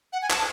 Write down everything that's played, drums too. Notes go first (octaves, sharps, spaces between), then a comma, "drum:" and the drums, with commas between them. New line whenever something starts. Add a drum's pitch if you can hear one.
F#5
G#5
A5, drum: clap